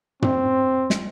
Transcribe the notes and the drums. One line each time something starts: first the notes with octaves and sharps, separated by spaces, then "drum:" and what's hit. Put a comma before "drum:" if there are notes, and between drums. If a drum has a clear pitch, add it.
C4, drum: tom
drum: snare